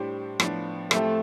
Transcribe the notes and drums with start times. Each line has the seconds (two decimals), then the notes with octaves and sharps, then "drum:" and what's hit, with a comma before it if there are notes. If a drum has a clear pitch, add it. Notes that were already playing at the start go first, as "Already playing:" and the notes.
Already playing: A2 G3 D4 G4 C5
0.40 A2 F3 B3 D4, drum: rim click
0.91 A2 F3 A3 C4 G4 C5, drum: rim click